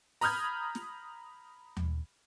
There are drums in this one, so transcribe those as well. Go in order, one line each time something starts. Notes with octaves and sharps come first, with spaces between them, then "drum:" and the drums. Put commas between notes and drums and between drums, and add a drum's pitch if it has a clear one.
A#5 B5 D#6 F6 G6 G#6, drum: open hi-hat
drum: snare
drum: tom D#2